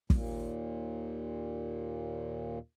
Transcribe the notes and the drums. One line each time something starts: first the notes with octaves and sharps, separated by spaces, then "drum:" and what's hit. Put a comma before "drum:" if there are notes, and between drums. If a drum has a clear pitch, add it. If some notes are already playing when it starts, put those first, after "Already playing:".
D#2 A#2, drum: kick